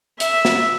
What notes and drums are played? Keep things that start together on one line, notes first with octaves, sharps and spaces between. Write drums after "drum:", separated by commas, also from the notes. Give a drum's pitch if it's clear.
E5, drum: hi-hat
drum: snare